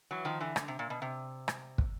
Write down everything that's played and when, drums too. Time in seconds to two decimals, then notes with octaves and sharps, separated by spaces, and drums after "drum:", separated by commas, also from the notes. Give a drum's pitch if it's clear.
0.11 E3 F#3
0.25 D#3 F3
0.41 D3 E3
0.56 D3, drum: rim click
0.68 C3
0.79 A#2
0.90 B2
1.02 C3
1.48 drum: rim click
1.78 drum: kick